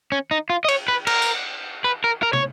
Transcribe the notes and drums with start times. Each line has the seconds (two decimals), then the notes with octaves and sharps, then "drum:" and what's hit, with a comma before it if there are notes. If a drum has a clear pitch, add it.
0.12 C#4
0.31 D#4
0.50 F4
0.65 D#5
0.68 C#5, drum: cymbal
0.88 B4
1.07 A#4, drum: cymbal
1.22 drum: tambourine
1.84 B4
2.04 A#4
2.23 A#4
2.33 C#5, drum: tom